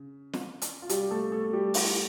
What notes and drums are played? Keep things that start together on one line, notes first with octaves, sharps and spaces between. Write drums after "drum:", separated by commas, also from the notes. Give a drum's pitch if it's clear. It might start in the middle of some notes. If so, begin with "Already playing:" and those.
Already playing: C#3
drum: snare
drum: hi-hat
F4
G3 G4, drum: hi-hat
A3 A4
A3 A4
G3 G4
drum: open hi-hat